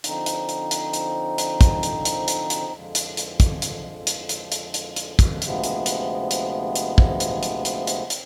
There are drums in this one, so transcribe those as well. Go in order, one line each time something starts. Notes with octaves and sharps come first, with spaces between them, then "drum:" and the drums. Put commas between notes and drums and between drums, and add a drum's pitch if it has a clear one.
D3 F3 C4 D#4, drum: hi-hat
drum: hi-hat
drum: hi-hat
drum: hi-hat
drum: hi-hat
drum: hi-hat
drum: kick, hi-hat
drum: hi-hat
drum: hi-hat
drum: hi-hat
drum: hi-hat
F2 D3 F3 G#3
drum: hi-hat
drum: hi-hat
drum: kick, hi-hat
drum: hi-hat
drum: hi-hat
drum: hi-hat
drum: hi-hat
drum: hi-hat
drum: hi-hat
drum: kick, hi-hat
D2 C3 F3 G#3 B3, drum: hi-hat
drum: hi-hat
drum: hi-hat
drum: hi-hat
drum: hi-hat
drum: kick
drum: hi-hat
drum: hi-hat
drum: hi-hat
drum: hi-hat
C4, drum: hi-hat